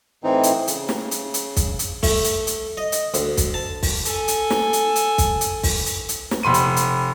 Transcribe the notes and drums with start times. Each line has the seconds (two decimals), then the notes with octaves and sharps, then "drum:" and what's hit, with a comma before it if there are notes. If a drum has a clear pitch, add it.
0.24 A2 E3 C4 D#4
0.43 drum: hi-hat
0.68 C#3, drum: hi-hat
0.89 drum: snare
1.11 drum: hi-hat
1.34 drum: hi-hat
1.56 drum: kick, hi-hat
1.79 drum: hi-hat
2.03 A3, drum: kick, open hi-hat
2.24 drum: hi-hat
2.47 drum: hi-hat
2.77 D#5
2.92 drum: hi-hat
3.14 D2, drum: hi-hat
3.37 drum: kick, hi-hat
3.54 A5
3.83 drum: kick, open hi-hat
4.05 A4 G#5, drum: hi-hat
4.28 drum: hi-hat
4.50 drum: snare
4.73 drum: hi-hat
4.96 drum: hi-hat
5.18 drum: kick, hi-hat
5.41 drum: hi-hat
5.63 drum: kick, open hi-hat
5.86 drum: hi-hat
6.09 drum: hi-hat
6.31 drum: snare
6.43 F1 B5 C6 D#7
6.54 drum: hi-hat
6.76 drum: hi-hat